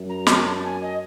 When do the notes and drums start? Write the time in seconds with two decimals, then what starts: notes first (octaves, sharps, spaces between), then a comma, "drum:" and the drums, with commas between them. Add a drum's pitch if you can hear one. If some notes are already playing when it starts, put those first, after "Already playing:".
Already playing: F#2
0.09 A#5
0.27 A5, drum: snare
0.46 A5
0.64 G#5
0.81 D#5